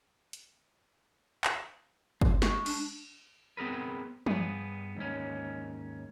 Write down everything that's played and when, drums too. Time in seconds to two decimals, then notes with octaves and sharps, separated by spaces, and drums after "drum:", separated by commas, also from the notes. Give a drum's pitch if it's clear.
0.33 drum: hi-hat
1.44 drum: clap
2.21 B1 E2 C4, drum: kick
2.42 G#3 D#4 C#6, drum: snare
2.66 D4, drum: cymbal
3.57 B3 C4 G#4 A#4 B4
4.26 G2 B3 G#4, drum: tom
4.97 D#2 G#2 C#4